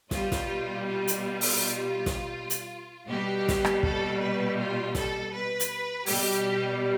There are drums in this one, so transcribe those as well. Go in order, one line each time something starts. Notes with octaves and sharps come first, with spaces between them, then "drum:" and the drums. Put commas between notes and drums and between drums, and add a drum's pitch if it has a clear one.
B2 G3 F4, drum: snare
drum: snare
F4
drum: hi-hat
drum: open hi-hat
drum: snare
drum: hi-hat
B2 G3 G4
drum: snare
drum: rim click
A4, drum: kick
B4
F4
A4, drum: snare
B4
drum: hi-hat
B2 G3 G4, drum: open hi-hat